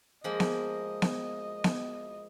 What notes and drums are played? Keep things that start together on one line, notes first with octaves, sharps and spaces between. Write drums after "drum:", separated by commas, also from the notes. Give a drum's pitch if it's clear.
F3 G#3 A#3 D#5
drum: snare B3
drum: snare B3
drum: snare B3